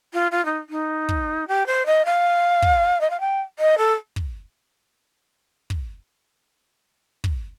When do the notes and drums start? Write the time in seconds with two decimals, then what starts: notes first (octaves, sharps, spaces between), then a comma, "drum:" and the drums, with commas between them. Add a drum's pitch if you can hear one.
0.13 F4
0.31 F4
0.45 D#4
0.69 D#4
1.09 drum: kick
1.47 G4
1.66 C5
1.86 D#5
2.05 F5
2.62 drum: kick
3.00 D#5
3.10 F5
3.20 G5
3.59 D#5
3.77 A4
4.16 drum: kick
5.70 drum: kick
7.24 drum: kick